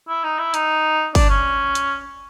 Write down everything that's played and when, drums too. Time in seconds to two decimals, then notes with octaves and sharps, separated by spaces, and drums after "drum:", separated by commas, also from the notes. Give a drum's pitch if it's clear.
0.08 E4
0.24 D#4
0.39 E4
0.54 D#4, drum: hi-hat
1.15 D4, drum: kick, open hi-hat
1.30 C#4
1.75 drum: hi-hat